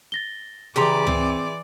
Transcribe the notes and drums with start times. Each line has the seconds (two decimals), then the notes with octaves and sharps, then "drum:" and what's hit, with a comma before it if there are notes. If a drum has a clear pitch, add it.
0.12 A6 A#6 G7
0.76 C#3 E3 G4 G#4 D5 A#5 C6
1.07 C4, drum: tom C#2